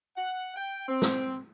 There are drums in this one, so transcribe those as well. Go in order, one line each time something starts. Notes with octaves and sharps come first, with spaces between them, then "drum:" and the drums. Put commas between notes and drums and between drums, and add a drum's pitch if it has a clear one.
F#5
G5
C4
drum: snare